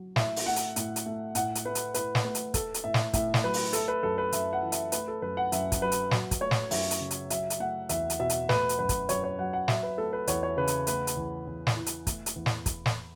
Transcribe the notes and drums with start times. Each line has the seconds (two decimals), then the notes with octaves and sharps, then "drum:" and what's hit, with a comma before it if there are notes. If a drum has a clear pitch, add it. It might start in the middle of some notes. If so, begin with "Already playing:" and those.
Already playing: F#3
0.16 A2 E5, drum: snare
0.36 drum: open hi-hat
0.46 A3 F#5
0.56 drum: hi-hat
0.76 A2, drum: hi-hat
0.96 drum: hi-hat
1.06 A3
1.35 A2 F#5, drum: hi-hat
1.55 drum: hi-hat
1.65 A3 B4
1.75 drum: hi-hat
1.94 A2 B4, drum: hi-hat
2.15 drum: snare
2.25 A3 B4
2.35 drum: hi-hat
2.54 A3 A4, drum: kick, hi-hat
2.74 drum: hi-hat
2.84 A2 E5
2.94 drum: snare
3.13 A2 E5, drum: kick, hi-hat
3.34 drum: snare
3.43 F#3 B4
3.54 drum: open hi-hat
3.73 A3 A4, drum: hi-hat
3.88 B4
4.03 F#2 A4
4.18 B4
4.32 F#2 E5, drum: hi-hat
4.53 F#5
4.63 E3
4.72 E5, drum: hi-hat
4.92 A3 B4, drum: hi-hat
5.08 A4
5.22 F#2 B4
5.37 F#5
5.52 F#2 E5, drum: hi-hat
5.72 drum: kick, hi-hat
5.82 F#3 B4
5.92 drum: hi-hat
6.11 F#3, drum: snare
6.31 drum: kick, hi-hat
6.41 A3 C#5
6.51 drum: snare
6.71 F#2 E5, drum: open hi-hat
6.91 drum: hi-hat
7.00 C#3
7.11 drum: hi-hat
7.30 F#3 E5, drum: hi-hat
7.50 drum: hi-hat
7.60 A3 F#5
7.89 E2 E5, drum: hi-hat
8.10 drum: hi-hat
8.19 B2 E5
8.30 drum: hi-hat
8.49 A3 B4, drum: snare
8.69 drum: hi-hat
8.79 F#2 B4
8.89 drum: kick, hi-hat
9.09 F#2 C#5, drum: hi-hat
9.24 C#5
9.39 F#3 F#5
9.53 F#5
9.68 F#3 E5, drum: snare
9.83 B4
9.98 A3 A4
10.13 B4
10.27 E2 C#5, drum: hi-hat
10.43 C#5
10.57 C#3 B4
10.67 drum: hi-hat
10.87 A3 B4, drum: hi-hat
11.07 drum: hi-hat
11.17 E2
11.47 E2
11.67 drum: snare
11.76 E3
11.86 drum: hi-hat
12.07 A3, drum: kick, hi-hat
12.26 drum: hi-hat
12.36 E2
12.46 drum: snare
12.66 drum: kick, hi-hat
12.86 drum: snare